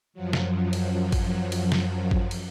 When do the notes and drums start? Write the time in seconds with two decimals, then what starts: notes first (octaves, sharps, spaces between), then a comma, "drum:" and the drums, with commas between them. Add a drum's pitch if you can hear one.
0.14 F#2 F3 F#3
0.33 drum: snare
0.73 drum: cymbal
1.12 drum: kick G#1, cymbal
1.52 drum: cymbal
1.72 drum: snare
2.11 drum: kick G#1
2.31 drum: cymbal